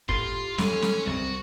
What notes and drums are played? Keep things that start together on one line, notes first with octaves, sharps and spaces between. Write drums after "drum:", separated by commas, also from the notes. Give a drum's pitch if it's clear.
A2 F4 G4 C6, drum: kick
F#2 C#4 A4 G#5, drum: snare
drum: snare
C2 C3 C4 F#4